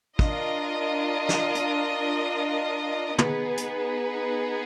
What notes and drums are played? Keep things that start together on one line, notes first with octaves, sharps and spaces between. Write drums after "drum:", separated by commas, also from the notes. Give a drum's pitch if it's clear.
D4 F4 A#4 D#5, drum: kick
drum: snare
drum: hi-hat
B3 D#4 G#4 B4, drum: tom
drum: hi-hat